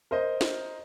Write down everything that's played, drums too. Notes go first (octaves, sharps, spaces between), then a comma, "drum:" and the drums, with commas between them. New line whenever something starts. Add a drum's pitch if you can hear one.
A#4 C5 D#5
drum: snare